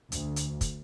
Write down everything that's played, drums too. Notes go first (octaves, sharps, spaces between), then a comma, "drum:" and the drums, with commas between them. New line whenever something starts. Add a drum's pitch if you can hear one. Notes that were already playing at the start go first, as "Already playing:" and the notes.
D2, drum: hi-hat
drum: hi-hat
drum: kick, hi-hat